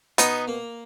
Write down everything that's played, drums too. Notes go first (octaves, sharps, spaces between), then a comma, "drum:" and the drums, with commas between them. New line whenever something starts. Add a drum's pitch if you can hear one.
B2 B3 D#4, drum: hi-hat
A#3